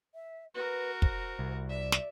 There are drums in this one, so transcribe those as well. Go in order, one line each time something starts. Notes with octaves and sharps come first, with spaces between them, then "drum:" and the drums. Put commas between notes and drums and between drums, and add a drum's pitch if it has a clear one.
E5
F#4 A#4 B4
C5, drum: kick
C2
D5 E5
drum: snare